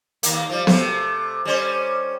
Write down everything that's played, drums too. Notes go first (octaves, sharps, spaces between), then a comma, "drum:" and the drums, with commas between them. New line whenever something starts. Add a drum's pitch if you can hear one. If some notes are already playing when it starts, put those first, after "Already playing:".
D#2 A#3, drum: hi-hat
F3 G3
C3 A3, drum: snare B3
G3 C#4 C5